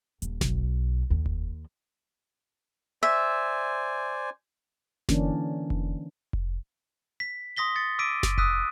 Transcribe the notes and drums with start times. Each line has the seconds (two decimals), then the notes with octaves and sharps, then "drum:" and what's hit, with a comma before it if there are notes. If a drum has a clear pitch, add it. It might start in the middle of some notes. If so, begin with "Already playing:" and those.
0.22 D#1, drum: hi-hat
0.41 B1, drum: snare F#1
1.10 D#2
1.26 drum: kick F1
3.03 C5 D5 E5 G#5
5.09 D3 E3 A#3 C#4 D4, drum: snare F#1
5.70 drum: kick F1
6.33 drum: kick F1
7.20 B6
7.57 C6 D#6 A#6 B6 G7
7.76 A6 C#7
7.99 D6 E6 A#6 B6 D7 D#7
8.23 drum: snare F#1
8.38 D#6 E6 F#6 B6 D#7, drum: kick F1